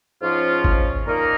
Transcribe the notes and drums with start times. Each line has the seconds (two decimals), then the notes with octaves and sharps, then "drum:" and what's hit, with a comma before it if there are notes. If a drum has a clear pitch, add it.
0.22 G#2 F3 C#4 F4
0.64 drum: kick G#1
1.07 A#2 A#3 D#4 A#4